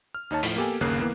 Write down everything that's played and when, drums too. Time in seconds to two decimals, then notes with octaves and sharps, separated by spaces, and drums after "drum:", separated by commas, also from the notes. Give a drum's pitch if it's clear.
0.15 F6
0.31 D#2 D#4 C#5 A5
0.43 A2 F3, drum: open hi-hat
0.56 A#3 B3 G4 A4 G#5
0.81 G1 D#2 C#3 A#3 F#6 C7
1.00 E3 A#3 B3